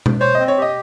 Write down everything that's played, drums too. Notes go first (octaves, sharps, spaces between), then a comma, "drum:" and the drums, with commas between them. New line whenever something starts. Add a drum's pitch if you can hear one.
drum: tom B2
C5 C#5
C4 D#5
C#5
G4 D#5